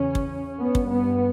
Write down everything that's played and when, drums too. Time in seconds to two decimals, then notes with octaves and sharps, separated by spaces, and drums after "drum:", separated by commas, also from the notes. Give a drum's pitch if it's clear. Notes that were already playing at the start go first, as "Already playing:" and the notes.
Already playing: E2 C#3 C#4
0.15 drum: kick
0.60 G2 B3
0.75 drum: kick
0.89 B3